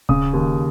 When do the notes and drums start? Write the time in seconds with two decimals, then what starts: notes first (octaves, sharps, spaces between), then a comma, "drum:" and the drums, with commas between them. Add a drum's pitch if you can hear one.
0.09 C#3 D#6, drum: kick D1
0.33 D#2